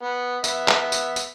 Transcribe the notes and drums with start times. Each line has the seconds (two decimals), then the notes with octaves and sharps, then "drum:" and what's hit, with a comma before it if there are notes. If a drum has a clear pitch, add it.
0.03 B3
0.44 B3 E5, drum: tambourine
0.68 drum: clap
0.92 drum: tambourine
1.16 drum: tambourine